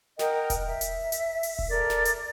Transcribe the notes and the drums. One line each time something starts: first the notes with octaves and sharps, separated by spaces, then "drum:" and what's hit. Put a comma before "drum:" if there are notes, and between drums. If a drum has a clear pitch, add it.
A#4 D#5 F#5 G5, drum: snare
drum: kick E1, hi-hat
E5
drum: hi-hat
drum: hi-hat
drum: open hi-hat
drum: kick E1
A4 A#4 D5
drum: snare
drum: hi-hat